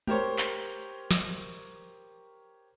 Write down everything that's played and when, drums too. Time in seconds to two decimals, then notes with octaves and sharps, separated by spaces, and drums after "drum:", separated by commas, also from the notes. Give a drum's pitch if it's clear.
0.07 G4 A#4 C5 C#5, drum: tom G#3
0.38 drum: clap
1.11 drum: snare